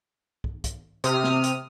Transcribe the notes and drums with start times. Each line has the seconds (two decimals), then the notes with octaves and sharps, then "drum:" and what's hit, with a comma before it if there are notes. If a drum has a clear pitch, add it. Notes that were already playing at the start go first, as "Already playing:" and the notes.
0.44 drum: kick
0.64 drum: kick, hi-hat
1.04 C3 D#6 F6, drum: hi-hat
1.24 drum: snare
1.44 drum: hi-hat